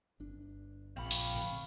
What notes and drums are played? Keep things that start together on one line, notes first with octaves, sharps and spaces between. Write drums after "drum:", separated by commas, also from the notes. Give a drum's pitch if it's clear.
G1 D4
A#1 C4 F5 B5 C#6
drum: open hi-hat
D2 G#2 D3